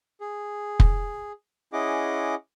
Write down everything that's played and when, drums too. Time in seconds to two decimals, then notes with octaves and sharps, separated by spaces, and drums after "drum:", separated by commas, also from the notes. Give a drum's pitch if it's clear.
0.21 G#4
0.80 drum: kick
1.73 C#4 E4 G#4 D#5 F#5 D6